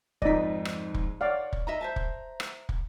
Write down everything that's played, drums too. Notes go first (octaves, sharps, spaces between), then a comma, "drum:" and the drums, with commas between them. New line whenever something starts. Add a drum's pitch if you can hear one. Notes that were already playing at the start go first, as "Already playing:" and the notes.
F2 G#2 D#4 D5 D#5 B6, drum: kick
drum: rim click
drum: kick
C#5 D5 F5 F#5
drum: kick
D#4 D#5 E5 A#5
C5 E5 A5
drum: kick
drum: rim click
drum: kick